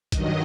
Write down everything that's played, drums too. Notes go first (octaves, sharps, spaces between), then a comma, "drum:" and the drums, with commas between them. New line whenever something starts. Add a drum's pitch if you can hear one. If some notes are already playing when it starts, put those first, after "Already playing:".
G2 D#3 F#3 D#5, drum: kick, hi-hat